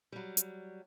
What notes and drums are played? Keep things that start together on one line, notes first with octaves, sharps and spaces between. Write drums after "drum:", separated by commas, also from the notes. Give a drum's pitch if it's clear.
F#3 G3
drum: hi-hat